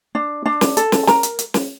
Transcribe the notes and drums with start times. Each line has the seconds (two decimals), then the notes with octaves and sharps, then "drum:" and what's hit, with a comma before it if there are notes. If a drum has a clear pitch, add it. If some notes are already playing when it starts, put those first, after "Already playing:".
0.15 D4
0.46 D4
0.61 drum: snare
0.77 A4, drum: hi-hat
0.92 drum: snare
1.07 A#4 A#5, drum: snare
1.23 drum: hi-hat
1.39 drum: hi-hat
1.54 drum: snare